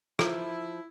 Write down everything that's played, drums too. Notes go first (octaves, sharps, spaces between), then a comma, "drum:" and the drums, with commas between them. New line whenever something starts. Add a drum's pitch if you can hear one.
F3 E4 F4 A#5 F6, drum: rim click